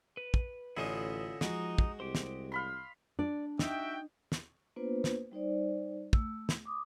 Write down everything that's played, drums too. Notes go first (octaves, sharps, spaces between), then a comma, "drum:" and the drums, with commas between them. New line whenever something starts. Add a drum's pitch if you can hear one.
B4
drum: kick
A1 D3 C#4 D4 E4 F4 D#5 D#6
F3 G#3 D#4 F#4, drum: snare
drum: kick
C2 G4 C5
drum: snare
F5 B5 C6
D4 D5
D#4 F#4 E5 G5, drum: snare
drum: snare
A#3 B3 D4 F4 B4 C5
drum: snare
G3 D#4 C5 D5
A3 E6, drum: kick
drum: snare
D6 D#6